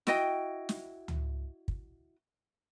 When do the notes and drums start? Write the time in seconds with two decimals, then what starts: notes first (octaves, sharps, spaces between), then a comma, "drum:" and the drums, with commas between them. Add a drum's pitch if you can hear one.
0.07 E4 F#4 D#5 G5, drum: snare
0.69 drum: snare
1.08 drum: tom C#2
1.68 drum: kick